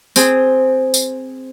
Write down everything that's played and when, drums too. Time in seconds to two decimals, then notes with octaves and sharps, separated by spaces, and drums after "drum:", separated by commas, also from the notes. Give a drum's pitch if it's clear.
0.16 C4 G#4, drum: tambourine
0.94 drum: tambourine